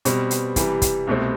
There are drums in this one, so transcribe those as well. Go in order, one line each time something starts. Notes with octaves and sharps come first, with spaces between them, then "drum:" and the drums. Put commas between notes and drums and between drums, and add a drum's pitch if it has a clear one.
B2 G3 C4, drum: hi-hat
drum: hi-hat
C3 E3 G3, drum: kick, hi-hat
drum: kick, hi-hat
C2 B2 A3 C4